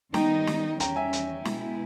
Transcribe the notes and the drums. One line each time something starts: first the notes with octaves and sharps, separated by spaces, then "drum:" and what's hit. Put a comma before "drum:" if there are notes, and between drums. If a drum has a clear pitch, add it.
D#3 G3 B3 D#4 G5 A#5, drum: snare
drum: snare
E2 D#3 G3 C#4 G5 A#5, drum: hi-hat
E5 G#5
drum: hi-hat
B2 G#3 B3 E4, drum: snare